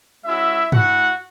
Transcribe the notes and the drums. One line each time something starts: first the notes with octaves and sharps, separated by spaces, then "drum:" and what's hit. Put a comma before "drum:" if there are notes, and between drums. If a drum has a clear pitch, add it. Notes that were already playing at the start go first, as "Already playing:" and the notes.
G#3 C#4 E4 F#4 E5
A3 E4 F#4 F#5, drum: tom G2